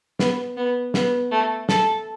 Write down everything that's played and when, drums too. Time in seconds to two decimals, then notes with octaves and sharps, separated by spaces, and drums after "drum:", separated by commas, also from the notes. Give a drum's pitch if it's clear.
0.19 B3, drum: snare
0.57 B3
0.94 B3, drum: snare
1.31 A3
1.69 A4, drum: snare